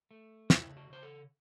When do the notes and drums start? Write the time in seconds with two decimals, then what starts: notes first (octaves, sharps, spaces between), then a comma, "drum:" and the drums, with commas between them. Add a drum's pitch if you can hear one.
0.11 A3
0.50 C#3 E4, drum: snare
0.77 F#4
0.90 C#3 C5
1.03 A4